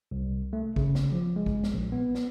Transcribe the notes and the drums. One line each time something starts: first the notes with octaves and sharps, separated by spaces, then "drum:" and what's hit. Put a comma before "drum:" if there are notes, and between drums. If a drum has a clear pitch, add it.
C2
A3
C#3, drum: kick G#1
drum: snare
F3
G#3
drum: kick G#1
drum: snare
A#1
B3
drum: snare